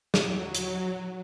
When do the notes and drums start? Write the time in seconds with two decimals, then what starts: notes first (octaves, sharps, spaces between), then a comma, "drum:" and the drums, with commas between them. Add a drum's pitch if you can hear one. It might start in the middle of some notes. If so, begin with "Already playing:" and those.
0.14 F#3, drum: snare
0.55 drum: hi-hat